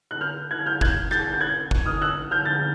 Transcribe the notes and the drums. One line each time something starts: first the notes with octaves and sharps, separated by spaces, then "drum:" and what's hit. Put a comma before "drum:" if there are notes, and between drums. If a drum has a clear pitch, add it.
F#6
F6 G6
F#6 G#6
F6 G6
F#6 G#6, drum: kick
G6 A6, drum: rim click
G6
F#6 G#6
drum: kick
D#6 F6
E6 F#6
F6 G6
G6 A6